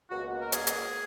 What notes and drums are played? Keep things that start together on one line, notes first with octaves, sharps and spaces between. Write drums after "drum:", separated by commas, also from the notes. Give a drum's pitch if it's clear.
C#2 B2 A#3 F#4
A#4
G#4, drum: hi-hat
drum: hi-hat